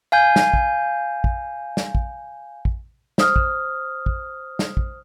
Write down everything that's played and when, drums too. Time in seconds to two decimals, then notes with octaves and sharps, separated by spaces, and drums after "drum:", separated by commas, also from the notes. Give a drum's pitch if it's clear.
0.12 F5 G#5 G6
0.36 drum: snare
0.54 drum: kick
1.24 drum: kick
1.77 drum: snare
1.95 drum: kick
2.65 drum: kick
3.18 C5 D#6 F6, drum: snare
3.36 drum: kick
4.06 drum: kick
4.59 drum: snare
4.77 drum: kick